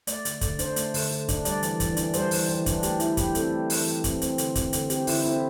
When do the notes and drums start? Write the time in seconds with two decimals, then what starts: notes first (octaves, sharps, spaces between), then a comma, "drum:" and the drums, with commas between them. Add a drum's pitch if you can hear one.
0.07 A3 D5, drum: hi-hat
0.25 D3, drum: hi-hat
0.41 D3, drum: kick, hi-hat
0.59 D4 C5, drum: hi-hat
0.76 A3, drum: hi-hat
0.94 D3, drum: open hi-hat
1.11 D3
1.29 D4, drum: kick, hi-hat
1.45 G3 D5, drum: hi-hat
1.63 E3, drum: hi-hat
1.80 E3, drum: kick, hi-hat
1.97 D4, drum: hi-hat
2.13 G3 C5, drum: hi-hat
2.31 E3, drum: open hi-hat
2.49 E3
2.66 D4, drum: kick, hi-hat
2.83 A3 G4, drum: hi-hat
3.00 E3 E4, drum: hi-hat
3.17 E3 G4, drum: kick, hi-hat
3.35 C4 A4, drum: hi-hat
3.51 A3
3.70 E3, drum: open hi-hat
3.86 E3
4.04 C4, drum: kick, hi-hat
4.22 C4, drum: hi-hat
4.38 D3, drum: hi-hat
4.55 C4, drum: kick, hi-hat
4.73 D3, drum: hi-hat
4.90 C4 G4, drum: hi-hat
5.07 D3 E4, drum: open hi-hat
5.24 C4 E4